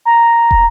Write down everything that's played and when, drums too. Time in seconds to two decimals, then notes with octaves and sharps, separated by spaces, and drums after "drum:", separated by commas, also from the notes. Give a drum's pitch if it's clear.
0.05 A#5
0.51 drum: kick